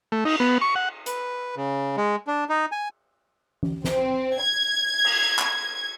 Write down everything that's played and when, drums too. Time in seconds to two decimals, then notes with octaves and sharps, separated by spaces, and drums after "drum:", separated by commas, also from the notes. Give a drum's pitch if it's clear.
0.12 A3
0.25 D#4, drum: cymbal
0.40 B3
0.61 C#6
0.75 F#5
1.06 B4, drum: hi-hat
1.56 C#3
1.97 G#3
2.27 D4
2.49 D#4
2.72 G#5
3.63 drum: tom E3
3.84 C4, drum: snare
4.41 G#6
5.04 drum: cymbal
5.39 drum: clap